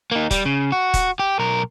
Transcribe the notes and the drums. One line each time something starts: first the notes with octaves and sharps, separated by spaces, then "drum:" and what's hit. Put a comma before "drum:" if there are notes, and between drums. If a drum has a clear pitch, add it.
A#3 D#4
G3, drum: kick D#1, hi-hat
C#3
F#4
drum: kick D#1, hi-hat
G4
B1 A#4